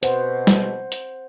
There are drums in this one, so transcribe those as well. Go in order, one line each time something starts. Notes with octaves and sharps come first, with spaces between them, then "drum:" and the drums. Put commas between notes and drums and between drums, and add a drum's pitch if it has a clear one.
B2 C5 F#5, drum: hi-hat
drum: snare
drum: hi-hat